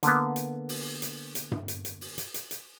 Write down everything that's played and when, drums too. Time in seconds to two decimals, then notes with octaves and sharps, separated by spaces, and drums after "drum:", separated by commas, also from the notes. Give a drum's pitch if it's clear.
0.03 D3 A#3 B3, drum: hi-hat
0.36 drum: hi-hat
0.69 drum: open hi-hat
1.02 drum: hi-hat
1.35 drum: hi-hat
1.52 drum: tom G2
1.68 drum: hi-hat
1.85 drum: hi-hat
2.01 drum: open hi-hat
2.18 drum: hi-hat
2.34 drum: hi-hat
2.51 drum: hi-hat